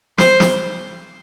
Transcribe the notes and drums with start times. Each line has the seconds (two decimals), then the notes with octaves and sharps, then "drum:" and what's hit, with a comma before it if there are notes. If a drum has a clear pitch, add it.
0.18 C5, drum: snare
0.40 drum: snare